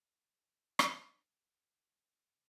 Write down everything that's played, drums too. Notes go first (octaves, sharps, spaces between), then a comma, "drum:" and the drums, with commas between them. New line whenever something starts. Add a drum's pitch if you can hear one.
F#4 B4 D#5
drum: rim click
A#2 F3 C4 C#5
E3 A#4
B3 E4 G4